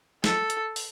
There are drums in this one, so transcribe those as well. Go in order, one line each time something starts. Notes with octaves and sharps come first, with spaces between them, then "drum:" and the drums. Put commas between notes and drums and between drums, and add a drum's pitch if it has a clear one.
A4, drum: snare
drum: hi-hat
drum: open hi-hat